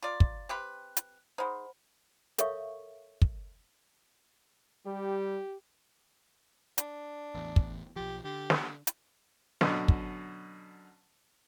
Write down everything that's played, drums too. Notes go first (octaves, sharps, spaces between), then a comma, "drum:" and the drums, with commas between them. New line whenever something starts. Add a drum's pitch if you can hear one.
F4 A#4 D5
drum: kick
C4 G4 B4
drum: hi-hat
G#3 D#4 C5 F#5 B5
A4 A#4 C#5 E5 F5 C#6, drum: hi-hat
drum: kick
G3 G4
D4, drum: hi-hat
A1 E2
drum: kick
B1 F3 G4
D3 G4
drum: snare
drum: hi-hat
F#2 B2 D3, drum: snare
drum: kick